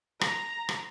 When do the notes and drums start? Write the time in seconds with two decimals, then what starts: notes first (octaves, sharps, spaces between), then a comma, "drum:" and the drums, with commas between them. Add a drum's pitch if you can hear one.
0.21 A#5, drum: rim click
0.69 drum: rim click